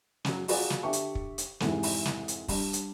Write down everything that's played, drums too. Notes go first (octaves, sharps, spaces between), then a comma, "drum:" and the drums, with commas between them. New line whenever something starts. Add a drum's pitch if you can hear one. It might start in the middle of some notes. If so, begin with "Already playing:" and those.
C#3 F#3, drum: snare
F4 F#4 G#4 A#4 D5, drum: open hi-hat
drum: snare
D3 G4 E5 A5 C#6
drum: hi-hat
drum: kick
drum: hi-hat
F2 G#2 C3 E3, drum: snare
drum: open hi-hat
drum: snare
drum: hi-hat
G3 D4, drum: kick, open hi-hat
drum: hi-hat